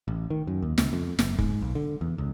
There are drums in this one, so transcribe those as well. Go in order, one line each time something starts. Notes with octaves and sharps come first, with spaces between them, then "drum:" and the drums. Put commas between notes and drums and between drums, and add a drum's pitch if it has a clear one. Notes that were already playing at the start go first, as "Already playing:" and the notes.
A1
D#3
F#2
D#2
C#2, drum: snare
F2
F#1, drum: snare
G#2, drum: kick
B1
D3
E2
C#2